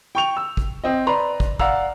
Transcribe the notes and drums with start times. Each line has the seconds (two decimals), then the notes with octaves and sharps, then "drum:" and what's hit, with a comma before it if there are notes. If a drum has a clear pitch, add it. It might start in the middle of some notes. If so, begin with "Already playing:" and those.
0.15 G5 C#6 F7
0.37 E6
0.57 drum: kick
0.84 C4 D#5
1.07 B4 D5 A#5 C6
1.40 drum: kick
1.59 D5 F5 F#5 A#5 E6, drum: kick